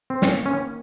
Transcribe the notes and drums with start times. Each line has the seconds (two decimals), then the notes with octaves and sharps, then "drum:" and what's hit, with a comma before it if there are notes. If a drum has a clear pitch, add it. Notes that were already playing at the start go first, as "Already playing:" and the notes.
0.10 C4
0.22 D#3 A#3 C#4, drum: snare
0.46 C#4